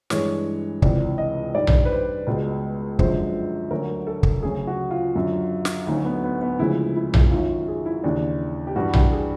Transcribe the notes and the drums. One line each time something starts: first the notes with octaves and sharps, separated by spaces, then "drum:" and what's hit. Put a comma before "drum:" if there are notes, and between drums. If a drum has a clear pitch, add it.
G2 E3 G#3 C#5, drum: snare
C#2 C3 E3 D5, drum: kick
D#5
G2 D#3 G3 D5
drum: tom A#1
B4
C5
C#2 B2 G#3
F#2 D3 F3 G#3 C5, drum: kick
D2 D3 F#3 A#4
A4
drum: kick
D2 C#3 F#3 G#4
F#4
F4
F#2 D3 F#3
drum: snare
D2 D3 F#3 D#4
B3
B3
B3
D2 C#3 F3 G#3 E4
E4
drum: tom A#1
F#2 D#3 F#3 F4
G#4
E4
D#2 C#3 E3 D4
G4
G2 E3 G3 F#4
G4, drum: tom A#1
G#4